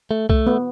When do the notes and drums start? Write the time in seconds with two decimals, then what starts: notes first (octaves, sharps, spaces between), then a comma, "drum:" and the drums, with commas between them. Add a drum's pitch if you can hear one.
0.11 A3
0.30 A3, drum: kick C2
0.47 B3